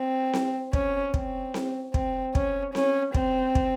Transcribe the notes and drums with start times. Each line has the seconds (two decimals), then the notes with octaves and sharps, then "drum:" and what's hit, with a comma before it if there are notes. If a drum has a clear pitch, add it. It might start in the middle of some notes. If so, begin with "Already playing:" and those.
Already playing: C4
0.33 drum: snare C4
0.73 C#4, drum: kick
1.14 C4, drum: kick
1.54 drum: snare C4
1.94 C4, drum: kick
2.35 C#4, drum: kick
2.75 C#4, drum: snare C4
3.14 C4, drum: kick
3.55 drum: kick